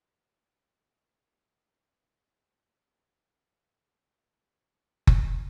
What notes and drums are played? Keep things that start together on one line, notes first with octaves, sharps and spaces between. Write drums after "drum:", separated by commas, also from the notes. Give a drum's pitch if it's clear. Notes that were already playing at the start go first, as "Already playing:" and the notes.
F#2 C#3 A#3 D4 G4 D#6
B4
A4 C6
C#3 A3 G4 D#5
D#2 A2 A#3 C#4 A5
F#5
G2
G4 C#5 D#5
F4
A#3 F#4 E5
F#2 A2
G#2
drum: kick F#1